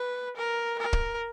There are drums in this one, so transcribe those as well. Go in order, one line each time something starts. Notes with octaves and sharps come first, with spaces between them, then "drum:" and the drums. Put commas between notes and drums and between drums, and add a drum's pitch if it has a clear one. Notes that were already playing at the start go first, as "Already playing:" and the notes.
Already playing: B4
A#4
A#4
drum: kick